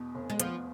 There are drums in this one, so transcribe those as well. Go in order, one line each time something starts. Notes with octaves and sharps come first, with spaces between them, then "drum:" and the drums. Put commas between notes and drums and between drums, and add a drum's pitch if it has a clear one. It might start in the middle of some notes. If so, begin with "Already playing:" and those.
Already playing: E2 B2 B3
F1
G#3
F3 B3, drum: hi-hat